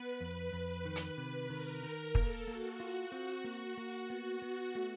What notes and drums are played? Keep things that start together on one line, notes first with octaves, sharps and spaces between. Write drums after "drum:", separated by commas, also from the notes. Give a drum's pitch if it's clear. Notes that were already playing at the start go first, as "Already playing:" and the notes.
Already playing: B3 B4
F2
F2
D#3
drum: hi-hat
C3
D#3 A#4
D#3
A#3 A4, drum: kick
A#3 F#4
F4
C4
A#3
A#3
B3 F#4
B3
A3